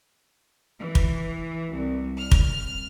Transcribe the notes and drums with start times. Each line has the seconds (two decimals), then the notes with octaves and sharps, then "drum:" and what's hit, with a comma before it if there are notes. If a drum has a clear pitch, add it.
0.78 E3
0.95 drum: kick
1.72 C2
2.19 F6
2.31 drum: kick